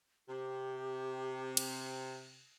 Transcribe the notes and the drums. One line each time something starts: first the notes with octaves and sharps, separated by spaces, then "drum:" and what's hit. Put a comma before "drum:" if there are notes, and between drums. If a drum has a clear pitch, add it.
C3 G4
drum: cymbal